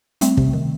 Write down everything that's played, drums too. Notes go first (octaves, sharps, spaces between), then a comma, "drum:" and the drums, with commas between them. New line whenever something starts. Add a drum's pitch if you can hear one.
G3 A3 C4, drum: hi-hat
C3, drum: kick
D#3